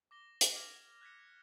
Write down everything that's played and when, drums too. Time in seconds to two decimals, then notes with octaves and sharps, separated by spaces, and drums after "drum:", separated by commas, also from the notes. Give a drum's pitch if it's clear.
0.11 D6 A#6 G7
0.41 drum: hi-hat
0.55 D6 F6 G#6 A#6 F7
1.01 F#6 G#6 B6 C#7